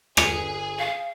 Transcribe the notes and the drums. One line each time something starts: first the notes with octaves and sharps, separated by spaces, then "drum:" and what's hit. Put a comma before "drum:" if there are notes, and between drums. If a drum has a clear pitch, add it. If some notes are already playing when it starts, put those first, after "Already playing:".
G1 G#4 B4 C#5, drum: rim click
F5